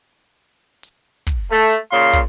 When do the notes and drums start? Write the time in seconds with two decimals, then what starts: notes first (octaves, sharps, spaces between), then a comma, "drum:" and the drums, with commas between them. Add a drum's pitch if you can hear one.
0.83 drum: hi-hat
1.27 drum: kick, hi-hat
1.51 A3
1.70 drum: hi-hat
1.92 A#2 C#3 F5 C6
2.13 drum: kick, hi-hat